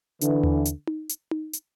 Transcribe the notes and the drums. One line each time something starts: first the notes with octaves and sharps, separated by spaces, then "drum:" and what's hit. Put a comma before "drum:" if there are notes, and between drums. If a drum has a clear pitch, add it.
D3 E3, drum: hi-hat
drum: tom D#2
drum: hi-hat
drum: tom D#4
drum: hi-hat
drum: tom D#4
drum: hi-hat